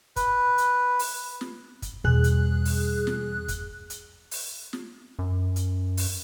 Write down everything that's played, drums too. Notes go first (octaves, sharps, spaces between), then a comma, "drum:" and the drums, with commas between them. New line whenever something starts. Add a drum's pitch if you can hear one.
B4, drum: kick, hi-hat
drum: hi-hat
drum: open hi-hat
drum: snare
drum: kick, hi-hat
E2 B2 G3 G#4 F#6
drum: hi-hat
drum: open hi-hat
drum: snare
drum: kick, hi-hat
drum: hi-hat
drum: open hi-hat
drum: snare
F#2
drum: hi-hat
drum: open hi-hat